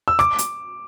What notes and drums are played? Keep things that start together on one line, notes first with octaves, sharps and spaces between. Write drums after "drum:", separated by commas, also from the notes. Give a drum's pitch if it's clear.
E6
D6, drum: rim click
drum: hi-hat